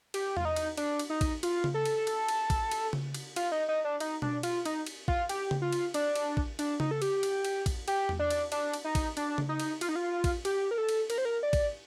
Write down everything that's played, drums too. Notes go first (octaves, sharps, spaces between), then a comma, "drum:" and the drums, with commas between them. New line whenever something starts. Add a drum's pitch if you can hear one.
G4, drum: cymbal
F4, drum: tom E2
D#4
drum: cymbal
D4, drum: cymbal
drum: cymbal
D#4
drum: kick, cymbal
F4, drum: cymbal
drum: tom C#3
A4
drum: cymbal
drum: cymbal
drum: cymbal
drum: kick, cymbal
drum: cymbal
drum: tom C#3
drum: cymbal
F4, drum: cymbal
D#4
D#4
D4
D#4, drum: cymbal
D4, drum: tom B2
F4, drum: cymbal
D#4, drum: cymbal
drum: cymbal
F4, drum: kick
G4, drum: cymbal
drum: tom C#3
F4
drum: cymbal
D4, drum: cymbal
drum: cymbal
drum: kick
D4, drum: cymbal
D#4, drum: tom C#3
A4
G4, drum: cymbal
drum: cymbal
drum: cymbal
drum: kick, cymbal
G4, drum: cymbal
drum: tom E2
D4
drum: cymbal
D4, drum: cymbal
drum: cymbal
D#4
drum: kick, cymbal
D4, drum: cymbal
drum: tom C#3
D#4
drum: cymbal
F4, drum: cymbal
D#4
F4
drum: kick, cymbal
G4, drum: cymbal
A#4
A4
drum: cymbal
A#4, drum: cymbal
C5
A#4
D5
drum: kick, cymbal